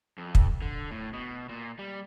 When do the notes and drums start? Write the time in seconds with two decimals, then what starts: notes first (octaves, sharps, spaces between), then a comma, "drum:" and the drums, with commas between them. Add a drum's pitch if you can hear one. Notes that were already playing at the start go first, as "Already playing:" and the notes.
0.18 F2
0.35 drum: kick
0.62 D3
0.91 A2
1.13 B2
1.49 A#2
1.79 G3